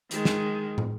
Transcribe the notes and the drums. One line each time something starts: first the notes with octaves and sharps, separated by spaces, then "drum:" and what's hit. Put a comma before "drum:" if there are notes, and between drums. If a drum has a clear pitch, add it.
D#3 G#3, drum: hi-hat
drum: snare
drum: tom